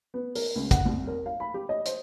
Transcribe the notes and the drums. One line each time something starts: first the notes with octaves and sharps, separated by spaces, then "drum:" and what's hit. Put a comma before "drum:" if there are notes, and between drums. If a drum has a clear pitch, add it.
B3
A#4, drum: open hi-hat
C#2
F#5, drum: kick, hi-hat
C2
A#4
F5
B5
G4
D#5
C5, drum: hi-hat